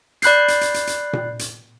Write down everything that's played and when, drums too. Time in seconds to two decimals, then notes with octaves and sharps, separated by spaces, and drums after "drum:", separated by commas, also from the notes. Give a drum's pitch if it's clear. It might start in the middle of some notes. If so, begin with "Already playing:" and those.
0.22 D5 B5 F#6 G6 C7, drum: hi-hat
0.48 drum: hi-hat
0.61 drum: hi-hat
0.74 drum: hi-hat
0.87 drum: hi-hat
1.13 drum: tom A#2
1.39 drum: hi-hat